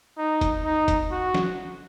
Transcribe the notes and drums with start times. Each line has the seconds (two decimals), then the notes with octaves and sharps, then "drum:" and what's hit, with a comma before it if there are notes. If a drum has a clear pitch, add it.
0.18 D#4
0.41 drum: kick, hi-hat
0.64 D#4
0.88 drum: kick, hi-hat
1.11 F#4
1.34 drum: snare